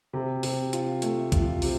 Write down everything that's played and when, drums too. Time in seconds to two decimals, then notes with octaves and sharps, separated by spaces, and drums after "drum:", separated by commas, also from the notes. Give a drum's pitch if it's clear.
0.13 C3
0.43 C3, drum: open hi-hat
0.73 F4, drum: hi-hat
1.02 A3, drum: hi-hat
1.32 F4, drum: kick, hi-hat
1.62 C3, drum: open hi-hat